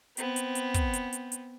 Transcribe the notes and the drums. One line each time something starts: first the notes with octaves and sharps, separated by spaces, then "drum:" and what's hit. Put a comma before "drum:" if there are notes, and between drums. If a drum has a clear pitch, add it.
B3 C4, drum: hi-hat
drum: hi-hat
drum: hi-hat
drum: kick, hi-hat
drum: hi-hat
drum: hi-hat
drum: hi-hat